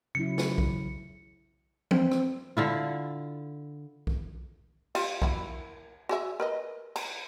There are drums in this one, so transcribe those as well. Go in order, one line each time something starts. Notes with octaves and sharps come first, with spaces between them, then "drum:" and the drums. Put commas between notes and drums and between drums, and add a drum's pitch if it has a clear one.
C#3 F#3 E4 C#7
drum: snare
drum: kick B1
C4, drum: tom E3
drum: rim click
D3 E4 F4
drum: kick B1
F4 G4 F5, drum: cymbal
A#3 E4 F#4, drum: kick B1
F#4 G#4 E5
A#4 B4 D#5
A#5, drum: cymbal